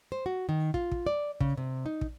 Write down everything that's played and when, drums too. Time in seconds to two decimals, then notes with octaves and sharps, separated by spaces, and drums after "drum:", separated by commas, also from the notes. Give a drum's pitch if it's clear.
0.12 C5
0.26 F#4
0.49 D#3
0.74 F4, drum: kick
0.92 drum: kick
1.07 D5
1.41 C#3, drum: kick
1.57 C3
1.86 D#4
2.01 drum: kick